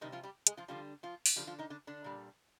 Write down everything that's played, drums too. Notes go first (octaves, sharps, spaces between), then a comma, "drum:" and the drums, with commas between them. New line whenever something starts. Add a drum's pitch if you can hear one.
C3 D#3 G3 D#4
F3 F4
G3 G4
G#3 G#4, drum: hi-hat
F3 F4
D3 F3 G3 F4
F3 F4
drum: open hi-hat
D3 F3 G3 G4
F3 F4
D#3 D#4
D3 D4
D3 D4
A#2 G3